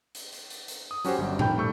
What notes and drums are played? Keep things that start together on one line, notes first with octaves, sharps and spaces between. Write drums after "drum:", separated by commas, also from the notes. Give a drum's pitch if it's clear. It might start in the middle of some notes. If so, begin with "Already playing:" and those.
drum: hi-hat
drum: hi-hat
drum: hi-hat
drum: hi-hat
D#6
F#3 C#4 F#4 G4 C5, drum: hi-hat
G1 G3
F2 D#3 G5 B5 G6, drum: tom A2
G3 A3 C#6 E6 G6